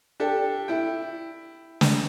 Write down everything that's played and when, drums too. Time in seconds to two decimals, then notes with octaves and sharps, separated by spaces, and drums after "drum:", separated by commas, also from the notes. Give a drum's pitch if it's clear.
0.20 D4 G4 A4
0.68 E4 G5
1.81 drum: snare